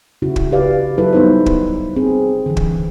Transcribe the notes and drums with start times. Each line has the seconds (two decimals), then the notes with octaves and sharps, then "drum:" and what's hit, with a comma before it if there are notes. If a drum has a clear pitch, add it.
0.22 C#3 E4 F#4
0.36 drum: kick
0.52 G4 B4 D5 F5
0.98 F#3 E4 A4 B4
1.13 G3 B3 D#4 E4 C5
1.46 drum: kick
1.96 C4 G#4
2.46 D3 E3
2.57 drum: kick